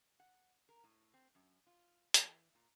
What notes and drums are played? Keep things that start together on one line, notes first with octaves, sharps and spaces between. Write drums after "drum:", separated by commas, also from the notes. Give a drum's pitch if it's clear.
F#5
A#4
A2
C4
F#2
F4
E3, drum: hi-hat
A#2